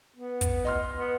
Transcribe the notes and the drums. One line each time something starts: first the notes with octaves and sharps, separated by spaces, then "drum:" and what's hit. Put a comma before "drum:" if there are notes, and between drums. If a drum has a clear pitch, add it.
B3
drum: kick, hi-hat
D#5 C6 F6
B3